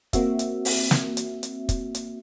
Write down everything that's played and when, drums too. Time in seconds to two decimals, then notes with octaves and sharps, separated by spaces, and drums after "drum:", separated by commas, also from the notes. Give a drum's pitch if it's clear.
0.13 A#3 C4 F#4 E5, drum: kick, hi-hat
0.39 drum: hi-hat
0.65 drum: open hi-hat
0.91 drum: snare
1.17 drum: hi-hat
1.43 drum: hi-hat
1.69 drum: kick, hi-hat
1.95 drum: hi-hat